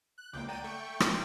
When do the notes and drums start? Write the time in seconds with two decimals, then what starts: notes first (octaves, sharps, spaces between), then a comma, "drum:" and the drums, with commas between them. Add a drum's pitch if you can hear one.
0.18 F#6
0.33 C#2 C#3 G#3 A#3 G5 D6
0.48 D5 F#5 G5 A#5 D#7
0.64 A3 G5 C#6
1.00 drum: rim click